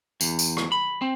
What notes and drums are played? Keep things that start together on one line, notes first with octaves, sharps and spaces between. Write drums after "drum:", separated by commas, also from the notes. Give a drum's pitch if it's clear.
E2, drum: tambourine
drum: tambourine
drum: rim click
B5
C4